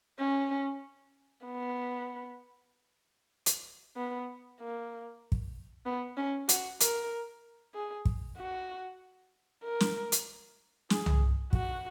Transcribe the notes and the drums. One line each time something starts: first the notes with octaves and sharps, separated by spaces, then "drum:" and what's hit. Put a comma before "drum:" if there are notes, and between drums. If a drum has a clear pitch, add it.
C#4
B3
drum: hi-hat
B3
A#3
drum: kick
B3
C#4
F#4, drum: hi-hat
A#4, drum: hi-hat
G#4
drum: kick
F#4
A#4
drum: snare
drum: hi-hat
G#4, drum: snare
drum: tom C2
F#4, drum: kick